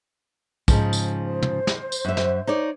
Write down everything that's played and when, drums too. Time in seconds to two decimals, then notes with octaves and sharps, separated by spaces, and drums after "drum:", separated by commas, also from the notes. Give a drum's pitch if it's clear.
0.68 G#2 C#3 F3, drum: kick, tambourine
0.93 drum: tambourine
1.24 C5
1.42 drum: tom
1.67 drum: snare
1.92 drum: tambourine
2.05 F#2 E5
2.17 drum: snare
2.47 D#4 C#5 D5